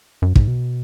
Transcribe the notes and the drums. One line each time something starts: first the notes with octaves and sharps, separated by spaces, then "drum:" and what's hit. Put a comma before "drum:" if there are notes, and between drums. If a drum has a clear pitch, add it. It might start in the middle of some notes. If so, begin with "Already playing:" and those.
F#2
G#2, drum: kick
B2